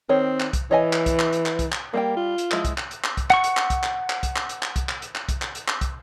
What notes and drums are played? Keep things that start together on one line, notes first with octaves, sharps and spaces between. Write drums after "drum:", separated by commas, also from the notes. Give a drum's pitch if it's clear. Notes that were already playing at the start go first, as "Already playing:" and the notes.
D#3 C4 C#5
drum: clap
drum: kick, hi-hat
E3 C#5 D#5 G#5
drum: clap
drum: kick, hi-hat
drum: clap
drum: hi-hat
drum: clap
drum: kick, hi-hat
drum: clap
G3 A#3 G4 G5
F4
drum: hi-hat
F3 G#3 E4, drum: clap
drum: kick, hi-hat
drum: clap
drum: hi-hat
drum: clap
drum: kick, hi-hat
F#5 C#6, drum: clap
drum: hi-hat
drum: clap
drum: kick, hi-hat
drum: clap
drum: clap
drum: kick, hi-hat
drum: clap
drum: hi-hat
drum: clap
drum: kick, hi-hat
drum: clap
drum: hi-hat
drum: clap
drum: kick, hi-hat
drum: clap
drum: hi-hat
drum: clap
drum: kick, hi-hat